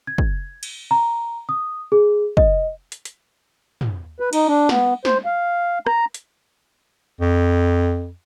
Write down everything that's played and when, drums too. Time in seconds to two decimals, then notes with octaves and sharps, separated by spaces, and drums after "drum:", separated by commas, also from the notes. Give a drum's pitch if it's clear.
0.07 G#6
0.18 drum: kick
0.63 drum: cymbal
0.91 A#5
1.49 D#6
1.92 G#4
2.37 D#5, drum: kick
2.92 drum: hi-hat
3.05 drum: hi-hat
3.81 drum: tom
4.20 B4
4.33 D#4, drum: cymbal
4.47 D4
4.69 B3, drum: snare
5.05 C5, drum: snare
5.25 F5
5.87 A#5, drum: rim click
6.14 drum: hi-hat
7.21 F2